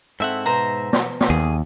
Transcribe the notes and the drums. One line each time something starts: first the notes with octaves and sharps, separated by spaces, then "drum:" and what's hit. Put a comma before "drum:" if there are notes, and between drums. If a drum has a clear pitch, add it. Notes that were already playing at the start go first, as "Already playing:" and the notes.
G#2 A3 C4 E4 E5 F#5
B2 C5 A#5
drum: snare
drum: snare
D#2 G#4